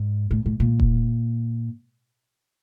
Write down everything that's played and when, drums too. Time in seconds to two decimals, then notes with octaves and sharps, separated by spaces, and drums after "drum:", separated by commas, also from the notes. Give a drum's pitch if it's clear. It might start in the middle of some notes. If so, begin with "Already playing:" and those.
Already playing: G#2
0.31 A2
0.46 A2
0.60 A#2
0.80 drum: kick E1